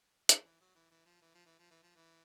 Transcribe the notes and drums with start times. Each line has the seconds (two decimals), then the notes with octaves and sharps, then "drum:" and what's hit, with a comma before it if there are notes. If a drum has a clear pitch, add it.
0.29 F3, drum: hi-hat
0.45 E3
0.61 F#3
0.75 E3
0.91 E3
1.06 F3
1.22 E3
1.35 F3
1.46 E3
1.59 F3
1.71 E3
1.83 F3
1.96 E3